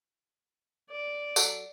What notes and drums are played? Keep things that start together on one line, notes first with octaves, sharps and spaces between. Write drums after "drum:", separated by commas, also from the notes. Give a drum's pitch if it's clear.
D5
F#3 A4, drum: tambourine